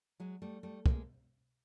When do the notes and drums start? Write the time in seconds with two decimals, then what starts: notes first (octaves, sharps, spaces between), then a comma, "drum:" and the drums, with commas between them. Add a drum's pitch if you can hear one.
0.20 F#3 G#3
0.42 G3 A3
0.63 G3 A3
0.86 G#3 A#3, drum: kick